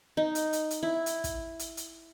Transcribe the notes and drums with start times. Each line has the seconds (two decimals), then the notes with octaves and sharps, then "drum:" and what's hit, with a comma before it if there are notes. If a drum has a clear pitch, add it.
0.17 D#4
0.35 drum: hi-hat
0.53 drum: hi-hat
0.71 drum: hi-hat
0.83 E4
1.06 drum: hi-hat
1.24 drum: kick, hi-hat
1.59 drum: hi-hat
1.77 drum: hi-hat